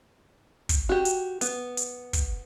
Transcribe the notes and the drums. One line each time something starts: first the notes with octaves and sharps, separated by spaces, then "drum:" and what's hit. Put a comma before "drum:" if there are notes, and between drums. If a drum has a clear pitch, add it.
drum: kick, hi-hat
F#4 G4
drum: hi-hat
B3, drum: hi-hat
drum: hi-hat
drum: kick, hi-hat